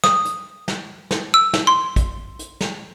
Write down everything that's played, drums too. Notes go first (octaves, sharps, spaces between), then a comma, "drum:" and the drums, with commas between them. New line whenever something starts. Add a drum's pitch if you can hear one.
D#6, drum: snare
drum: hi-hat
drum: snare
drum: snare
E6
drum: snare
C6
drum: kick, hi-hat
drum: hi-hat
drum: snare